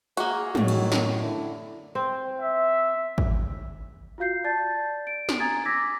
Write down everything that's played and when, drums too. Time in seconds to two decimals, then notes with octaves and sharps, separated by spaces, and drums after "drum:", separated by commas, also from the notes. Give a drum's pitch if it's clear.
0.17 A#3 F#4 G#4, drum: hi-hat
0.55 F#2 A2 D#3 F#3, drum: tom
0.68 drum: cymbal
0.92 drum: snare
1.18 D3 E4
1.95 C4
2.41 E5
3.18 drum: kick
4.18 F4 F#4 F5 G6 C7
4.44 D5 A5 G6 A6
5.07 D7
5.29 drum: snare
5.40 G#5 A#5 D#6 G#6 A6
5.65 D6 E6 G#6 A#6 B6